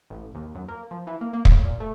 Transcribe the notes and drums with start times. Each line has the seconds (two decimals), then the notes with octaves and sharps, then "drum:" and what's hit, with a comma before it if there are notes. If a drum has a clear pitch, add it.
0.10 A1
0.35 D#2
0.55 F#2
0.68 A#3
0.91 F3
1.07 E3
1.21 A#3
1.33 A#3
1.45 A2, drum: kick
1.64 A#2
1.80 A3